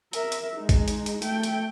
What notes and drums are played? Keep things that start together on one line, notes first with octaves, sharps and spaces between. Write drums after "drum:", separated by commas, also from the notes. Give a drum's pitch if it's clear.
A#4 E5, drum: hi-hat
drum: hi-hat
G#3 D#4
drum: kick A1, hi-hat
drum: hi-hat
drum: hi-hat
A3 G5, drum: hi-hat
drum: hi-hat